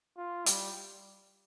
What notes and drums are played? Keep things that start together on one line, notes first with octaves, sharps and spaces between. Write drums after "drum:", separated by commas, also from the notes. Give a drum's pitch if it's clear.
F4
G3, drum: hi-hat